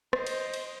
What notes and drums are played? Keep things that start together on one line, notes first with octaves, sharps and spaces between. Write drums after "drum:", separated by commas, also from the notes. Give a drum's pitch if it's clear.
C5 D#5, drum: rim click
drum: cymbal
drum: cymbal